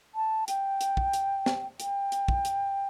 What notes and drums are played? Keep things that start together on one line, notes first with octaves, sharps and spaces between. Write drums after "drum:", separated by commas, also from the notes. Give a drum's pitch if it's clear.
A5
G5, drum: hi-hat
drum: hi-hat
drum: kick
drum: hi-hat
drum: snare
G5, drum: hi-hat
drum: hi-hat
drum: kick
drum: hi-hat